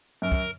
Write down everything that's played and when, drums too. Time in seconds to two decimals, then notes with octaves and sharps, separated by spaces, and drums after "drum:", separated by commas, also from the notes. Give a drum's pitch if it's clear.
0.22 F#2 A#4
0.32 drum: kick